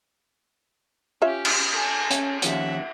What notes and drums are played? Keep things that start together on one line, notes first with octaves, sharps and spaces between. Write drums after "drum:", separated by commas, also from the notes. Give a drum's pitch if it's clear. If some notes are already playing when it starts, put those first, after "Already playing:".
C#4 F4 G4 C#5 E5
drum: cymbal
A4 G#5
C#4, drum: hi-hat
D#2 F3 C#4 E5 F#5, drum: hi-hat